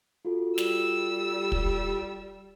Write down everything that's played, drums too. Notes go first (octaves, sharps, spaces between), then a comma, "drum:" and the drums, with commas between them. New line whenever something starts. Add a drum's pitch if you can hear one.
F4 F#4 A4
G3 E6, drum: snare
drum: kick